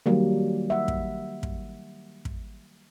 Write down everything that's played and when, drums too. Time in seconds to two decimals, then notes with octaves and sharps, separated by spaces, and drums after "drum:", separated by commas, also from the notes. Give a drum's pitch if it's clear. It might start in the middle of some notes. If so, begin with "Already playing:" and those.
0.06 D#3 F#3 G3 A#3
0.70 E5 F#5
0.88 drum: kick
1.43 drum: kick
2.25 drum: kick